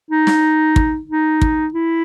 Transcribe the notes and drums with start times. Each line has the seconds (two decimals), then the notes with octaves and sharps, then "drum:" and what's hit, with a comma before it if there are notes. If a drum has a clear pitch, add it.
0.11 D#4
0.27 drum: snare
0.76 drum: kick
1.09 D#4
1.42 drum: kick
1.74 E4